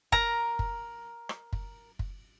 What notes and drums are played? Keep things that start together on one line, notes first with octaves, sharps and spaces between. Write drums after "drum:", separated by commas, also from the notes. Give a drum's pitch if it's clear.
A#4 A#5, drum: kick
drum: kick
drum: rim click
drum: kick
drum: kick